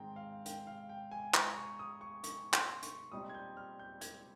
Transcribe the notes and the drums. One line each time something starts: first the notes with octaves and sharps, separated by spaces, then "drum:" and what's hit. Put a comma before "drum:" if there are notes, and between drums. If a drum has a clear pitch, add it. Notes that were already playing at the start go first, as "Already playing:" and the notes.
Already playing: G#2 D#3 G#3 C4 G5 A#5
F5
G5, drum: hi-hat
F5
G5
G#5
A#5, drum: clap
C#6
D#6
C#6
C#6, drum: hi-hat
C6, drum: clap
C#6, drum: hi-hat
A#2 G3 C4 D#4 D#6
G#6
G6
F6
G6
G#6, drum: hi-hat